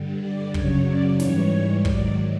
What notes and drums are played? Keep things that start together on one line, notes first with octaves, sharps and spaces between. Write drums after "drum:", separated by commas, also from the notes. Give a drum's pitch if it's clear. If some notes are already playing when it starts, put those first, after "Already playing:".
Already playing: G2 D3 G3
D5
F#2 C#3 F#3 C#5, drum: kick
D5
G#2 E3 G3 C#5, drum: snare
G#2 D#3 F#3 D5, drum: kick